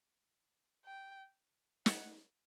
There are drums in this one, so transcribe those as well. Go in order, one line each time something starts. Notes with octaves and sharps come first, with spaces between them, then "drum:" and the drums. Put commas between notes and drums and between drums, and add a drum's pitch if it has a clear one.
G5
F#5, drum: snare